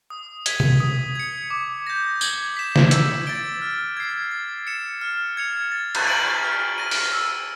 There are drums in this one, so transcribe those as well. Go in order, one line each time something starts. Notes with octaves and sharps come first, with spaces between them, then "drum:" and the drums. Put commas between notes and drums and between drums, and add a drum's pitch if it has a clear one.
D#6
G#6 B6 D#7 G7, drum: hi-hat
drum: tom
D#6
G#6 C#7
D6
G6 A#6
G#6, drum: tambourine
B6 E7
drum: snare
E6, drum: hi-hat
A6 D7 G7
F6
G#6 C7
A6
C#7 E7
F6
G#6 C#7 F7
A6
drum: cymbal
D7 F#7
F6
A#6 D#7
drum: open hi-hat
E6